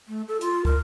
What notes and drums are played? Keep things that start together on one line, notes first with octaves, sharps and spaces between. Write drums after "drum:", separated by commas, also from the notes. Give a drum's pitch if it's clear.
A3
A4
F4, drum: hi-hat
A#4, drum: kick